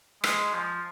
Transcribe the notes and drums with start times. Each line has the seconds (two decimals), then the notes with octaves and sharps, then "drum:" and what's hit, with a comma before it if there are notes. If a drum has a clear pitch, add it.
0.24 G#3, drum: rim click
0.54 F3